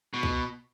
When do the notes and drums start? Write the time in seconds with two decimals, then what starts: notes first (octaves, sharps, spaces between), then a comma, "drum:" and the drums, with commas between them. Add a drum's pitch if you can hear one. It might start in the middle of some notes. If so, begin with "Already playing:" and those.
0.14 B2
0.23 drum: kick C2